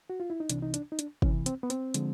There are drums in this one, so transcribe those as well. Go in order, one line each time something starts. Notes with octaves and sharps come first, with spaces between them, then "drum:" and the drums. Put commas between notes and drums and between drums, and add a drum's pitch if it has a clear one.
F#4
F4
E4
D#4
C2 C3 E3 D4, drum: hi-hat
D#4
D4, drum: hi-hat
D#4
D4, drum: hi-hat
C2 C3 E3 C#4, drum: kick
C4, drum: hi-hat
B3
C4, drum: hi-hat
D3 F3 G#3, drum: hi-hat